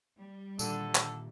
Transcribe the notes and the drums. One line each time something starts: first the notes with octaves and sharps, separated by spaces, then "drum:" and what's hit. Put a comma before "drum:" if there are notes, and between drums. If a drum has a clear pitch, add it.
G3
A#2 D3 D#3 A4, drum: tambourine
drum: clap